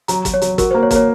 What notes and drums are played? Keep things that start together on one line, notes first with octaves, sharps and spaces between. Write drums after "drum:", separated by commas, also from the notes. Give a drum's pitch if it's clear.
F#3 A#5, drum: hi-hat
F#3, drum: kick, hi-hat
C#5
F#3, drum: hi-hat
F#4 A#4, drum: kick, hi-hat
A#3 C5
C#5
A#3, drum: kick, hi-hat
C#5